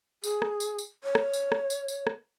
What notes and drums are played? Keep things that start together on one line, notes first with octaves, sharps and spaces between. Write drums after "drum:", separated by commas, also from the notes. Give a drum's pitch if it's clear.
G#4, drum: tambourine
drum: rim click
drum: tambourine
drum: tambourine
C#5
drum: rim click
drum: tambourine
drum: rim click
drum: tambourine
drum: tambourine
drum: rim click